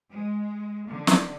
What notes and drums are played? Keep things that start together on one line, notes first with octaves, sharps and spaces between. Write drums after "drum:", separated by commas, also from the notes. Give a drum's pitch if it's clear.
G#3
D3
drum: snare